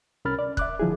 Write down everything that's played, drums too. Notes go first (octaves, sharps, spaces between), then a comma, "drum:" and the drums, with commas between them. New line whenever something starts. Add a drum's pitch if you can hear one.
C2 C#4 A#4 B5 F6 A6
D5
E5 D6 F#6, drum: kick
D3 F3 E4 G#4